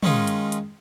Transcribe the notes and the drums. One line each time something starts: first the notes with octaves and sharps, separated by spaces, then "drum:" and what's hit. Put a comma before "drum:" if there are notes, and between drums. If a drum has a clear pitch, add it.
D#3 G#3 C#4 D#4 F4, drum: tom
drum: hi-hat
drum: hi-hat